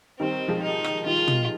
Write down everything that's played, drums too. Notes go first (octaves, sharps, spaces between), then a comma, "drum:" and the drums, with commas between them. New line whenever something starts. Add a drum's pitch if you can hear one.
D#3 G3 C4
F3 G#3
D#4
drum: rim click
D#3 G3 F4
drum: tom